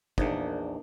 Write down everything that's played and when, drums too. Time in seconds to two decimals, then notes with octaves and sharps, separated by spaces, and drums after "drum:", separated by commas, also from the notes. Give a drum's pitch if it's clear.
0.18 A#1 E2 A#3 D4 D#4, drum: kick